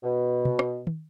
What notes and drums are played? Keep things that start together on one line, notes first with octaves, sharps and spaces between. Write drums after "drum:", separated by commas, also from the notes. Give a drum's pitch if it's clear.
B2
drum: tom B2
drum: rim click
drum: tom